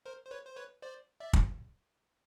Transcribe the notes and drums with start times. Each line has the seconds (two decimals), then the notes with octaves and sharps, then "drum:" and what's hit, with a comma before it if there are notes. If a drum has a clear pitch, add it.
0.06 A#4 C5
0.25 C5
0.31 B4 C#5
0.45 C5
0.56 B4 C#5
0.82 C5 D5
1.20 D5 E5
1.33 drum: kick